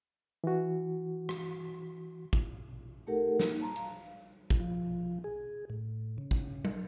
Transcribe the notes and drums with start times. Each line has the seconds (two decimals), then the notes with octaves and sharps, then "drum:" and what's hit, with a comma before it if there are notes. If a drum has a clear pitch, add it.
0.44 E3 F#4
1.29 drum: rim click
2.33 drum: kick
3.07 A3 D#4 G4 A4 A#4 F#5
3.40 A#3 D#4, drum: snare
3.61 A5 A#5 C6
3.76 F5, drum: hi-hat
4.50 drum: kick
4.60 F3
5.24 G#4
5.70 A2
6.18 C#3
6.31 drum: kick
6.65 drum: tom F#3